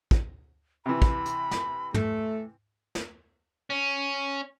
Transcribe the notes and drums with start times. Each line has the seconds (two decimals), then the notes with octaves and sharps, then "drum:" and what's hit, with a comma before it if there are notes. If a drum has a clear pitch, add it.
0.11 drum: kick
0.86 C3 E3 B5
1.02 drum: kick
1.25 drum: hi-hat
1.51 drum: snare
1.94 A3, drum: tom
2.95 drum: snare
3.70 C#4